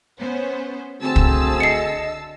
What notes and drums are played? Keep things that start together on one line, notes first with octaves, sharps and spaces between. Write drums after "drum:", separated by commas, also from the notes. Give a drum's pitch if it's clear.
B3 C#4 C5
D3 A3 C4 F#4 G#4 A5 E6
drum: kick
D#5 C7 C#7